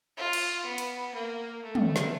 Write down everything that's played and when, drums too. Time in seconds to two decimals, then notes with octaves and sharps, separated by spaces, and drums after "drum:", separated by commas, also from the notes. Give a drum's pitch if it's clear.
0.17 F4
0.33 drum: cymbal
0.65 B3
0.78 drum: cymbal
1.14 A#3
1.63 A3
1.75 drum: tom
1.96 drum: snare